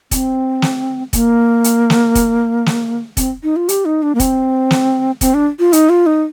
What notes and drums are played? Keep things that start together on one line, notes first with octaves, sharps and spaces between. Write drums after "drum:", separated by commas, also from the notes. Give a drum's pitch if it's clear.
C4, drum: kick, hi-hat
drum: snare
A#3, drum: kick, hi-hat
drum: hi-hat
drum: snare
drum: kick, hi-hat
drum: snare
C4, drum: kick, hi-hat
D#4
F4
G4, drum: hi-hat
D#4
D4
A#3
C4, drum: kick, hi-hat
drum: snare
C4, drum: kick, hi-hat
D4
F4
D#4, drum: hi-hat
F4
D#4